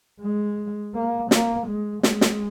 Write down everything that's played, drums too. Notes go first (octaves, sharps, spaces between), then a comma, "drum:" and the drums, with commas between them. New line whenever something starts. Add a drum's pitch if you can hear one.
G#3
A#3
A#3, drum: snare
G#3
G#3, drum: snare
drum: snare